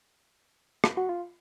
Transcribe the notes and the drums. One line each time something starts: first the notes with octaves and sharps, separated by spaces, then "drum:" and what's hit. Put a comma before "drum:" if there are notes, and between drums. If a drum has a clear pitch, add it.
drum: rim click
F#4
F4